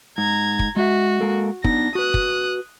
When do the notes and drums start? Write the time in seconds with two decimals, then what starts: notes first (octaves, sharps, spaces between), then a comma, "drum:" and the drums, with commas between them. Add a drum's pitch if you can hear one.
0.18 G#2 A#5 G#6
0.59 drum: kick
0.76 G#3 F#4 E5
1.21 G#3 A#3 A4
1.64 B3 D4 D#4 A#6, drum: kick
1.95 F#4 B4 D#6 F#6
2.14 drum: kick